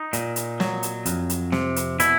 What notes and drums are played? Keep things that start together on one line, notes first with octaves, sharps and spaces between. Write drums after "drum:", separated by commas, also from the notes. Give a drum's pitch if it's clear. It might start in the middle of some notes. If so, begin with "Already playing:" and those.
Already playing: D#4
A#2, drum: hi-hat
drum: hi-hat
F#3, drum: snare
drum: hi-hat
F2, drum: hi-hat
drum: hi-hat
C3, drum: snare
drum: hi-hat
B2 E4, drum: hi-hat